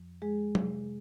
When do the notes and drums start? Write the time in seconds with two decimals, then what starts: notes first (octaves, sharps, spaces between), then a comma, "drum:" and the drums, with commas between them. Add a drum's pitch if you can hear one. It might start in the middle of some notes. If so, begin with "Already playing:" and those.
Already playing: F2 F3
0.22 G#3 G#4
0.55 C3, drum: tom F#3